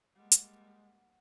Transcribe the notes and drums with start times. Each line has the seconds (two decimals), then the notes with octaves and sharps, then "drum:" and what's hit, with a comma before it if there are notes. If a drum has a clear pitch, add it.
0.15 G3 G#3 A#3 F#5
0.32 drum: hi-hat